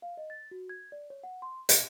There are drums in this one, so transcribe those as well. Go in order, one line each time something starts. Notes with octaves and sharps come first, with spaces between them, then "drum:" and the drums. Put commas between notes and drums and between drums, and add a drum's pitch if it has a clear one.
F5
D#5
A6
F#4
G#6
D5
C#5
F#5
C6
G#6, drum: hi-hat